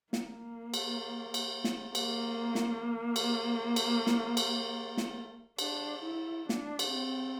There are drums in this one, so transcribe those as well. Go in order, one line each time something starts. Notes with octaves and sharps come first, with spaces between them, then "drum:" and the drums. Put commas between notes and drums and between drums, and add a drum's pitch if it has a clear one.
A#3, drum: snare
drum: cymbal
drum: cymbal
drum: snare
A#3, drum: cymbal
drum: snare
drum: cymbal
drum: cymbal
drum: snare
drum: cymbal
drum: snare
D4, drum: cymbal
E4
D4, drum: snare
drum: cymbal
C4